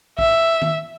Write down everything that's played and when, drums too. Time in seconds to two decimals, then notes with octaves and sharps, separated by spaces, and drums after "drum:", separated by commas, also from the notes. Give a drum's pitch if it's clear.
0.19 E5, drum: kick
0.62 drum: tom D#3